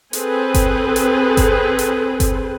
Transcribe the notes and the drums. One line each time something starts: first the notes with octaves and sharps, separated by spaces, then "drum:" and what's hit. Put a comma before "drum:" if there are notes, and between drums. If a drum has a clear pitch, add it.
C4 G#4 A4 B4, drum: hi-hat
drum: kick G1, hi-hat
drum: hi-hat
drum: kick G1, hi-hat
drum: hi-hat
drum: kick G1, hi-hat